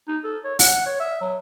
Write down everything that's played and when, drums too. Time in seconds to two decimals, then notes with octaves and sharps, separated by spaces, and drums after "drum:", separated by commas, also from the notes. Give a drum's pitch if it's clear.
0.08 D#4
0.24 A4
0.44 C#5
0.59 F#5, drum: open hi-hat
0.86 C#5
1.00 E5
1.21 F#3